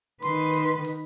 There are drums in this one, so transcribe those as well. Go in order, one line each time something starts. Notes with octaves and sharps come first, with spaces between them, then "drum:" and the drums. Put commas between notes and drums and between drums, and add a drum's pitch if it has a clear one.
D#3 B4 C6, drum: hi-hat
drum: hi-hat
drum: open hi-hat